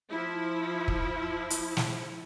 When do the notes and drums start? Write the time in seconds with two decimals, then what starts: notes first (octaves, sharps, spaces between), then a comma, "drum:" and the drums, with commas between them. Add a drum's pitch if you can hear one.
0.11 F3 E4
0.88 drum: kick
1.50 drum: hi-hat
1.77 drum: snare